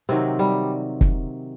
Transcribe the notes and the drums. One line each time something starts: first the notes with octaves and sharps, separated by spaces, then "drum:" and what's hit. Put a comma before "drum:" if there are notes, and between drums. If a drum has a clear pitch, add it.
C3 D#3 F#3 C4
G3
drum: kick